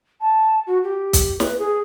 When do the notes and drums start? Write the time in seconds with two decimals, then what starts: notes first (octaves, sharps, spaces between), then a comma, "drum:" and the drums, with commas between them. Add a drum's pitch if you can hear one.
0.21 A5
0.66 F#4
0.84 G4
1.13 drum: kick, hi-hat
1.40 B4, drum: snare
1.58 G#4